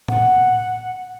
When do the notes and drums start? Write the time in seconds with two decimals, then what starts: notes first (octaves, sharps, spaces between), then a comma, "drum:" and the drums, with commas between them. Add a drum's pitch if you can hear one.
0.08 F#5, drum: tom A2